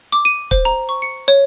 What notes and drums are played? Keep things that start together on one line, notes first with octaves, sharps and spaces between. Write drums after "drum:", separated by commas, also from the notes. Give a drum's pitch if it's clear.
D6
D#7
C5, drum: kick
A#5
C#6
C#7
C#5